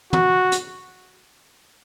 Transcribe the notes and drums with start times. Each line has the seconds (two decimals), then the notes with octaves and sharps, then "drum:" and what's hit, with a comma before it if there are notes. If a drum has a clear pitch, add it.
0.13 F#4, drum: tom
0.52 drum: hi-hat